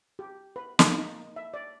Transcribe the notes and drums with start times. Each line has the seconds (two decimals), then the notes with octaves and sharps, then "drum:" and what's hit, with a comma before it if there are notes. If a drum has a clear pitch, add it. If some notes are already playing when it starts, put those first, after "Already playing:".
0.19 G4
0.56 B4
0.79 A#3, drum: snare
0.98 D#4
1.36 E5
1.54 D5